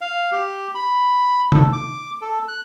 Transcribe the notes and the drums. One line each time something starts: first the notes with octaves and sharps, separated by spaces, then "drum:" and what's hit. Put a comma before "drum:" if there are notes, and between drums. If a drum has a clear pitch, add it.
F5
G4
B5
A4, drum: tom
D6
A4
F#6